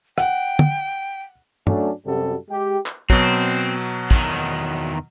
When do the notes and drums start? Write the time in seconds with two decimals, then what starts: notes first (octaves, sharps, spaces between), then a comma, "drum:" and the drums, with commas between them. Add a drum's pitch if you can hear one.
0.18 F#5 G5, drum: rim click
0.59 drum: tom
1.67 F#3 A3 C#4 D4, drum: tom
2.06 F#2 C3 G3 F#4 A4
2.49 G#3 G4
2.86 drum: clap
3.10 B2 F#3 C4, drum: kick
4.11 E2 D#3, drum: kick